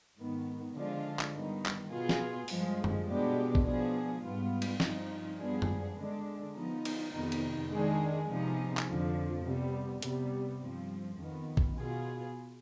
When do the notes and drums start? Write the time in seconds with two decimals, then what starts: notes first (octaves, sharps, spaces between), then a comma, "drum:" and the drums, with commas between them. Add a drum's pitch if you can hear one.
0.17 G#2 D#3 B3
0.74 D3 F3 G#3 D4 F4
1.20 drum: clap
1.33 G2 D#3 B3 D#4
1.66 drum: clap
1.91 B2 B3 F4 G#4
2.09 drum: snare
2.48 G2 F3 G#3, drum: open hi-hat
2.84 drum: tom F#2
3.07 B2 G#3 B3 D4 G4
3.55 drum: kick
3.64 F3 B3 D4 G#4
4.22 G#2 G3 B3 F4
4.62 drum: cymbal
4.80 G2 F3 C4 D#4, drum: snare
5.38 G2 F3 B3 D4 G#4
5.62 drum: tom F#2
5.96 D3 G#3 D4
6.55 F3 B3 D#4
6.85 drum: cymbal
7.12 F2 C3 D#3 B3 D#4
7.32 drum: cymbal
7.71 D#3 G#3 D4 G#4
8.28 C3 F3 B3 D#4 G#4
8.77 drum: clap
8.87 F2 D3 F3
9.44 C3 G3 B3
10.02 C3 G3 B3, drum: hi-hat
10.61 G2 F3 C4
11.19 F2 D#3 B3
11.57 drum: kick
11.76 B2 B3 F4 G#4